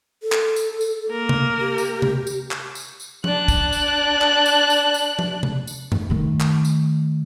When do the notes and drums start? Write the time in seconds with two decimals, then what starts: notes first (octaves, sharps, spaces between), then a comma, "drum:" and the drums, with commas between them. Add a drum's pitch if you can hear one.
0.23 A4
0.32 drum: clap
0.56 drum: tambourine
0.81 drum: tambourine
1.10 A#3 A#4
1.29 drum: tom C3
1.60 G4
1.78 drum: tambourine
2.02 drum: tom C3
2.27 drum: tambourine
2.51 drum: clap
2.75 drum: tambourine
3.00 drum: tambourine
3.24 D4 F#6, drum: tom F3
3.48 drum: kick, tambourine
3.73 drum: tambourine
4.21 drum: clap
4.46 drum: tambourine
4.70 drum: tambourine
4.94 drum: tambourine
5.19 drum: tom F3
5.43 drum: tom C3
5.67 drum: tambourine
5.92 drum: tom F#2
6.10 D#3 A3
6.40 drum: clap
6.65 drum: tambourine